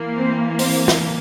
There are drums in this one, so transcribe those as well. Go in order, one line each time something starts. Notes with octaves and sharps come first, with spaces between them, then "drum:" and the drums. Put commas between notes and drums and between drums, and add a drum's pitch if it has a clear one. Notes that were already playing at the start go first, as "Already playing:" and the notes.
Already playing: E3 A#3
C4 C5
C4 C5, drum: open hi-hat
drum: snare